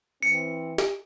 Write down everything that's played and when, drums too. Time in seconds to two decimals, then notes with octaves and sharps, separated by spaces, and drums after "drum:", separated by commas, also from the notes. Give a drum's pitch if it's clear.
0.23 E3 C4 C#7
0.78 drum: snare G4